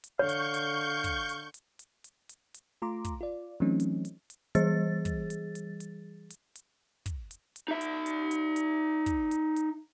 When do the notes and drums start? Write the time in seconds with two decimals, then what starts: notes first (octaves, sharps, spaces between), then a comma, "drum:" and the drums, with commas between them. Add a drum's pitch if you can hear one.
0.04 drum: hi-hat
0.19 D3 C#5 F5 C#6 G6
0.29 drum: hi-hat
0.54 drum: hi-hat
1.04 drum: kick, hi-hat
1.29 drum: hi-hat
1.54 drum: hi-hat
1.79 drum: hi-hat
2.04 drum: hi-hat
2.29 drum: hi-hat
2.54 drum: hi-hat
2.82 A3 F4 A#5 C6 D6
3.05 drum: kick, hi-hat
3.21 F4 D5
3.60 E3 F#3 A3 C4 C#4 D#4
3.80 drum: hi-hat
4.05 drum: hi-hat
4.30 drum: hi-hat
4.55 E3 G3 G#4 A6, drum: hi-hat
5.05 drum: kick, hi-hat
5.30 drum: hi-hat
5.55 drum: hi-hat
5.80 drum: hi-hat
6.30 drum: hi-hat
6.56 drum: hi-hat
7.06 drum: kick, hi-hat
7.31 drum: hi-hat
7.56 drum: hi-hat
7.68 D#4 E5
7.81 drum: hi-hat
8.06 drum: hi-hat
8.31 drum: hi-hat
8.56 drum: hi-hat
9.06 drum: kick, hi-hat
9.31 drum: hi-hat
9.56 drum: hi-hat